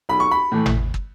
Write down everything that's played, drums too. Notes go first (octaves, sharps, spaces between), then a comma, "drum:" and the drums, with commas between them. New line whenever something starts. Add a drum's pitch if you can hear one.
B1 B5
C#6
B5
A2 E3 A3
drum: tom G#1
drum: kick